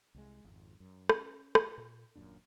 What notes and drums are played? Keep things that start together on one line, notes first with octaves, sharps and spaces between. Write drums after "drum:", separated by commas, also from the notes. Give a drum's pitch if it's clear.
C2 G3 G#3
G#1 F2
F#2
C#4, drum: rim click
drum: rim click
A#2
D#1 F#2 A#2 D4